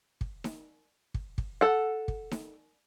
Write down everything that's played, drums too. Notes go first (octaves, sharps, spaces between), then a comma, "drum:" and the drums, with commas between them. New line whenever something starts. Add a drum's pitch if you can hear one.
drum: kick
drum: snare D#4
drum: kick
drum: kick
A4 F#5
drum: kick
drum: snare D#4